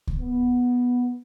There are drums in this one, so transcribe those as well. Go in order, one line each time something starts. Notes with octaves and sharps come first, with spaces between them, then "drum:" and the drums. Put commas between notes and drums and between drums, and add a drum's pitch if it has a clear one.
drum: kick C#2
B3